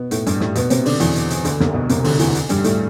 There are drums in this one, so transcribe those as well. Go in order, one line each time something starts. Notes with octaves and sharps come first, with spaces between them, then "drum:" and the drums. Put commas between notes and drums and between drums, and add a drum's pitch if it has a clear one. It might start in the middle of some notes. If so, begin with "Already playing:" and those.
Already playing: B2 B3
A2 A3, drum: hi-hat
G2 G3, drum: hi-hat
A2 A3, drum: snare
B2 B3, drum: hi-hat
C3 C4, drum: hi-hat
D3 D4, drum: open hi-hat
E2 E3, drum: hi-hat
drum: hi-hat
drum: hi-hat
D2 D3, drum: hi-hat
C2 C3, drum: snare
B2
C2 C3, drum: hi-hat
D2 D3, drum: open hi-hat
E2 E3, drum: hi-hat
drum: hi-hat
G2 G3, drum: hi-hat
A2 A3, drum: hi-hat